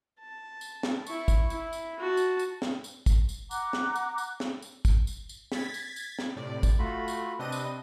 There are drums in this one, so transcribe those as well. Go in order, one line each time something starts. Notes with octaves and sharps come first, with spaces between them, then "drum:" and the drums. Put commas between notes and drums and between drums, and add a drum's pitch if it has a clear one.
A5
drum: tambourine
drum: snare
E4 C#6, drum: tambourine
drum: kick, tambourine
E4, drum: tambourine
drum: tambourine
F#4 A5
drum: tambourine
drum: tambourine
drum: snare
drum: tambourine
drum: kick, tambourine
drum: tambourine
F#5 A#5 D6 F#6, drum: tambourine
drum: snare
drum: tambourine
drum: tambourine
drum: snare
drum: tambourine
drum: kick, tambourine
drum: tambourine
drum: tambourine
G#6 A6 B6, drum: snare
drum: tambourine
drum: tambourine
drum: snare
A2 C3 D5
drum: kick, tambourine
A3 F4 F#4 B5
drum: tambourine
C3 C4 D4 B4 D#5 D#7
drum: tambourine